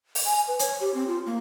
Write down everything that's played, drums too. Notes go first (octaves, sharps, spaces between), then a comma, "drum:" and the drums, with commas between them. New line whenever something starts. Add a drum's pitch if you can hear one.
drum: open hi-hat
G#5
B4
C#5, drum: hi-hat
G4
C4
F4
A#3